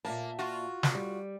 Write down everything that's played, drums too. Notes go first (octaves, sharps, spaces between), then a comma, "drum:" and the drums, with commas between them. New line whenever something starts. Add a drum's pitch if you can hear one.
A#2 A#3 E5 A5
F4 F#4
drum: snare
G3